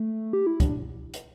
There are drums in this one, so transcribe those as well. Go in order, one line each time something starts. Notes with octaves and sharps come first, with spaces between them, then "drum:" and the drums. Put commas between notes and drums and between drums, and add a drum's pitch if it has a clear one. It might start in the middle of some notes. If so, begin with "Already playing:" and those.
Already playing: A3
G4
E4
D4, drum: kick, hi-hat
drum: hi-hat